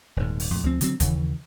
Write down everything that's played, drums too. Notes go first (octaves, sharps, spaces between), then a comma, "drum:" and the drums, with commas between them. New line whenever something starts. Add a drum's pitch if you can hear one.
D#1 G#2
drum: open hi-hat
F2 A2
D2 F3 C4
D3 F#3 C4, drum: hi-hat
D#2 C#3 E3, drum: kick, hi-hat